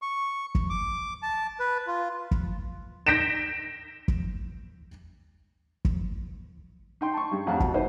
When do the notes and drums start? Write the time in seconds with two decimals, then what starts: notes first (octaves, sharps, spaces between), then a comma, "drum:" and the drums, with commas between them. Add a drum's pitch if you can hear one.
0.02 C#6
0.55 drum: kick
0.70 D6
1.23 A5
1.60 B4
1.87 F4
2.31 drum: kick
3.07 G6 A#6 B6 D7 E7
4.08 drum: kick
5.85 drum: kick
7.01 D#4 G5 C6
7.14 A5 C#6
7.31 G2 G3
7.46 A1 F2 F5 F#5 A5 A#5
7.60 B2, drum: kick
7.74 D#4 E4 B4 C5 F#5